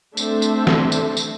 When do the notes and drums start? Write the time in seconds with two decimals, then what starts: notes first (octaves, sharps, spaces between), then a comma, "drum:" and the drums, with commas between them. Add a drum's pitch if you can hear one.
0.17 A3 C4 D4 A4 C5 E5, drum: tambourine
0.42 drum: tambourine
0.67 drum: snare
0.92 drum: tambourine
1.17 drum: tambourine